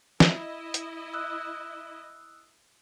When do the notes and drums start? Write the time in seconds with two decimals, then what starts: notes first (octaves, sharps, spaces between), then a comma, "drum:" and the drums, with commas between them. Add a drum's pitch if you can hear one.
0.20 E4 D#5, drum: snare
0.74 drum: hi-hat
1.13 D#6 E6 F#6